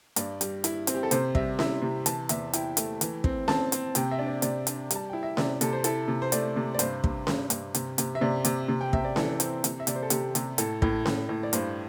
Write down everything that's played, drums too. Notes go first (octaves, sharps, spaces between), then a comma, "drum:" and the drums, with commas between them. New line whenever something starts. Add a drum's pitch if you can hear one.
G2 D5, drum: hi-hat
G3, drum: hi-hat
E4, drum: hi-hat
C4, drum: hi-hat
G4
A4
C3 C5, drum: hi-hat
G3 E5, drum: kick
E4 E5, drum: snare C#4
C3
E3 A5, drum: hi-hat
E2 E5, drum: hi-hat
E4 G5, drum: hi-hat
A3, drum: hi-hat
E3, drum: hi-hat
C4, drum: kick
C4 A5, drum: snare C#4
C4, drum: hi-hat
C3 G5, drum: hi-hat
E5
D4
D5
C3 D5, drum: hi-hat
D4, drum: hi-hat
G3, drum: hi-hat
A5
E4 G5
E5
C3 D5, drum: snare C#4
C3 A4, drum: hi-hat
C5
E4 A4, drum: hi-hat
C3
C5
A3 D5, drum: hi-hat
C3
D5
G2 C5, drum: hi-hat
G2, drum: kick
G2, drum: snare C#4
G2, drum: hi-hat
C3, drum: hi-hat
C3, drum: hi-hat
E5
C3 D5
C3, drum: hi-hat
C3
G5
C3 E5, drum: kick
D5
E3 A4, drum: snare C#4
C4, drum: hi-hat
C3, drum: hi-hat
E5
C3 D5, drum: hi-hat
C5
A4
C3 G4, drum: hi-hat
C3, drum: hi-hat
A2 A4, drum: hi-hat
A2, drum: kick
A2, drum: snare C#4
A2
D5
G2 C5, drum: hi-hat